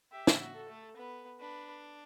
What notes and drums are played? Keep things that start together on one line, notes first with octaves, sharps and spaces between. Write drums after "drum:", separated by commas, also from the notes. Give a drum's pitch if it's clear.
G4 E5
drum: snare
F#4
A4
A3
B3 B4
D4 B4